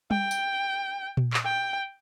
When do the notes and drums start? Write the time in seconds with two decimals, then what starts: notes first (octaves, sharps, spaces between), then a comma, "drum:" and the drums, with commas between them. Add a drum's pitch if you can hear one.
0.11 G5, drum: tom G3
0.31 drum: tambourine
1.17 drum: tom A#2
1.33 drum: clap
1.45 G5